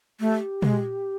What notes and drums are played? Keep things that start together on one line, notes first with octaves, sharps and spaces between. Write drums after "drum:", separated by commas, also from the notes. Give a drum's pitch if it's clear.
A3 G4
G#3, drum: tom